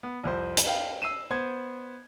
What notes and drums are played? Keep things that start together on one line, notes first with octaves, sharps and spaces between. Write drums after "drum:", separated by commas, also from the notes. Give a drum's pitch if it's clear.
B3
C2 F2 C5
drum: hi-hat
F5 G5
E6 C7 D#7 E7
B3 C5 G#6